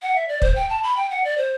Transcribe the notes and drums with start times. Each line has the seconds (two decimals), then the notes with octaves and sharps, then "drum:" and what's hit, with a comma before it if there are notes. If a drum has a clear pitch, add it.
0.02 F#5
0.15 E5
0.28 D5
0.42 C5, drum: kick
0.56 G5
0.70 A5
0.83 B5
0.97 G5
1.11 F#5
1.24 D5
1.38 C5